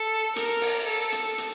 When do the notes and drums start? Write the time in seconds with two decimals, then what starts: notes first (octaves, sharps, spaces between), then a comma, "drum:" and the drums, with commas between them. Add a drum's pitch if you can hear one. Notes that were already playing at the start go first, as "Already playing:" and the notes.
Already playing: A4
0.36 A#4, drum: hi-hat
0.61 drum: open hi-hat
0.87 A4
1.12 drum: hi-hat
1.38 drum: hi-hat